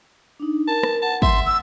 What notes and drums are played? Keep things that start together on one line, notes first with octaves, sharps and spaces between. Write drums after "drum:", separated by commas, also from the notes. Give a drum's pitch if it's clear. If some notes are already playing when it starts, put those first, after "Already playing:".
D4 D#4
A#4 A5
drum: rim click
F#5 A5
E5 C6, drum: kick
E6